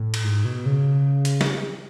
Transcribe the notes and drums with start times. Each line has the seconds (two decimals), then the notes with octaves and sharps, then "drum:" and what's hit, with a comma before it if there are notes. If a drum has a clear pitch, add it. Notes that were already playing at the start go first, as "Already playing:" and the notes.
Already playing: A2
0.14 drum: cymbal
0.24 G#2
0.45 B2
0.66 C#3
1.25 drum: hi-hat
1.41 drum: snare